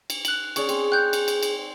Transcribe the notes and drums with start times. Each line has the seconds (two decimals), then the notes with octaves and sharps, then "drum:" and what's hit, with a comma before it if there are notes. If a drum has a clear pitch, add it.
0.10 drum: cymbal
0.25 F#6 F#7, drum: cymbal
0.56 C#4 G#4 D5, drum: cymbal
0.69 C4 G#4, drum: cymbal
0.92 G5 F#6 G6
1.13 drum: cymbal
1.28 drum: cymbal
1.43 drum: cymbal